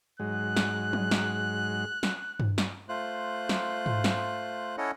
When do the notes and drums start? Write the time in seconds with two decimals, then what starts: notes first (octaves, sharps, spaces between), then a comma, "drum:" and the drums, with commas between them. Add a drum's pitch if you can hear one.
0.20 G#2 F#3 G#3 F#6
0.57 drum: snare
0.93 drum: tom F#3
1.11 drum: snare
2.03 drum: snare
2.40 drum: tom G2
2.58 drum: snare
2.89 A3 F4 C5 F#6
3.49 drum: snare
3.86 drum: tom G#2
4.04 drum: snare
4.77 C#4 E4 A4 C#5 D#5 F#5